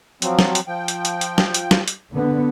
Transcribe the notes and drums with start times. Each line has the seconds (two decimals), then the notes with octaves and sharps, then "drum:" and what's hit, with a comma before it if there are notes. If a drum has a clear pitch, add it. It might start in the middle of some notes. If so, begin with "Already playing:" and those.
0.22 F3 F#3 C4, drum: hi-hat
0.39 drum: snare
0.55 drum: hi-hat
0.67 F3 G5
0.88 drum: hi-hat
1.05 drum: hi-hat
1.21 drum: hi-hat
1.38 drum: snare
1.54 drum: hi-hat
1.71 drum: snare
1.88 drum: hi-hat
2.13 D3 B3